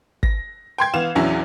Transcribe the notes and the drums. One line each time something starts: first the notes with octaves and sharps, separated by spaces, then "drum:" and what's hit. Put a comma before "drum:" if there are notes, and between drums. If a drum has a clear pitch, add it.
A#6, drum: kick
G5 C6 G#6
E3 B3 F5 E7
A#1 E2 F#3 C#4 E4